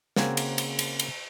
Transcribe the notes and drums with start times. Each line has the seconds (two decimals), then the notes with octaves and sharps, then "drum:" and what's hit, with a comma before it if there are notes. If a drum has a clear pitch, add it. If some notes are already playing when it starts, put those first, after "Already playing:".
0.16 C#3 A#3 C4 F#4 G#5, drum: snare
0.37 drum: cymbal
0.58 drum: cymbal
0.79 drum: cymbal
0.99 drum: cymbal